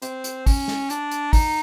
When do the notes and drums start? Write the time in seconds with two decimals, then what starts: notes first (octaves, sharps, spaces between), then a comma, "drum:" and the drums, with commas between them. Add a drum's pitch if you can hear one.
0.02 C4, drum: hi-hat
0.24 drum: hi-hat
0.47 C#4, drum: kick, open hi-hat
0.68 drum: snare
0.90 D4, drum: hi-hat
1.11 drum: hi-hat
1.33 D#4, drum: kick, open hi-hat